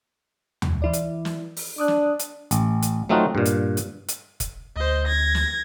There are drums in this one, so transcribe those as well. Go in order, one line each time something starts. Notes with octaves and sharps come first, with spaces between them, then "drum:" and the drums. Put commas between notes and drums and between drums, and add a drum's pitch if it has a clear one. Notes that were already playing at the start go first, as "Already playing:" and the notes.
drum: tom
E3 E4 D5
drum: hi-hat
drum: snare
drum: open hi-hat
D4 D6 D#6 F#6
drum: snare
drum: hi-hat
A1, drum: hi-hat
drum: hi-hat
F#3 A3 C4 D#4 F4 F#4
G2 A#2
drum: hi-hat
drum: hi-hat
drum: hi-hat
drum: kick, hi-hat
D2 C5 D#5
G#6 A#6
drum: snare